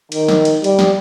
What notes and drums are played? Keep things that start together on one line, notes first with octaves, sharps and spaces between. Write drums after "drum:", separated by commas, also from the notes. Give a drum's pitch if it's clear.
D#3, drum: cymbal
drum: snare
drum: cymbal
G3, drum: cymbal
drum: snare